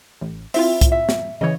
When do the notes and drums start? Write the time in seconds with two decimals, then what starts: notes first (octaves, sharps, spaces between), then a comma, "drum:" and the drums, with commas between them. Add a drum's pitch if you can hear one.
0.21 A1
0.54 C4 E4 F4 E5, drum: open hi-hat
0.81 drum: kick C2, hi-hat
0.92 E5
1.09 drum: snare
1.41 C#3 E3 C#5 D#5